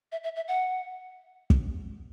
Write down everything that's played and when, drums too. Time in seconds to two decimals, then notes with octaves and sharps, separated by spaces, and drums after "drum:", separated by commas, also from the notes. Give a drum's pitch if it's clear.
0.12 E5
0.24 E5
0.36 E5
0.48 F#5
1.50 drum: kick